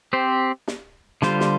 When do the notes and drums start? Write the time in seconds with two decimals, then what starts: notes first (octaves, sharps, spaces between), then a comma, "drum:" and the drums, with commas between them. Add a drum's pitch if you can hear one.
0.13 C4 G4 C5
0.68 drum: snare
1.22 D3 G3 F4 C5, drum: snare
1.40 drum: snare